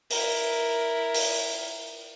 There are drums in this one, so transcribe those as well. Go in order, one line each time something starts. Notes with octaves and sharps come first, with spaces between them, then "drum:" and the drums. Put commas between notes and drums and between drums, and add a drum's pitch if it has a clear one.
E4 A#4, drum: open hi-hat
drum: open hi-hat